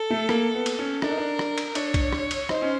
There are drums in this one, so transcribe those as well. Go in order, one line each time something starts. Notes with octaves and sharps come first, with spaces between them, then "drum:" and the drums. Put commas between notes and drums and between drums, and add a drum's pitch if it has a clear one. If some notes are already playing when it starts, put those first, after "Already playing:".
Already playing: A4
A3
A#3, drum: rim click
B3
drum: cymbal
C#4
D4 A#4, drum: rim click
D#4
D4
drum: rim click
drum: cymbal
D4 C#5, drum: cymbal
drum: kick B1, cymbal
drum: rim click
drum: cymbal
D#4 C5, drum: rim click
C#4